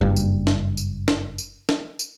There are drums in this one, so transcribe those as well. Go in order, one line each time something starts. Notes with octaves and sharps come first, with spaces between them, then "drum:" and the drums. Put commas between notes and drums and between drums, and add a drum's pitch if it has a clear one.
F#1 G2
drum: tambourine
drum: snare
drum: tambourine
drum: snare
drum: tambourine
drum: snare
drum: tambourine